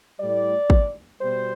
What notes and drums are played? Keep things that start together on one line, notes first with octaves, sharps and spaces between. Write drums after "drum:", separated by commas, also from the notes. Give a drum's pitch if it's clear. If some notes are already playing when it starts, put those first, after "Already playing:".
A2 G3 D5
drum: kick
B2 G3 C5